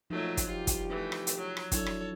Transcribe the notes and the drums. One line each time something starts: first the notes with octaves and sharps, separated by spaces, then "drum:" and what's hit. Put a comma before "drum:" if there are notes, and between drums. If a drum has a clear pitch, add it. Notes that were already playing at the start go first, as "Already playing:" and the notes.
B1 F#2 A#2 F3 F#3 A3 D#4 F#4
drum: kick, hi-hat
C2 F4 G4
drum: kick, hi-hat
E3 A3 D#4
drum: rim click
drum: hi-hat
F#3
drum: rim click
F#3 D4 E4 A4 C#5, drum: kick, hi-hat
drum: rim click